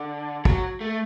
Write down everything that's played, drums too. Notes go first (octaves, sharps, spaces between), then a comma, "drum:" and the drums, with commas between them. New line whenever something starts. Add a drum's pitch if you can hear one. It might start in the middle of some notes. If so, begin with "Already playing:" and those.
Already playing: D3
F#3, drum: kick
A3